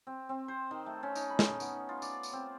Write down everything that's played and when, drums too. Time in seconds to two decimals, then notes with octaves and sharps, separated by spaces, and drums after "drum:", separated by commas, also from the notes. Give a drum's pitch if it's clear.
0.07 C4
0.29 C4
0.48 C5
0.71 D#3
0.86 A3
1.03 C#4
1.15 D#4, drum: tambourine
1.30 B5
1.39 drum: snare
1.60 B3, drum: tambourine
1.89 F4
2.02 D5, drum: tambourine
2.23 drum: tambourine
2.33 C4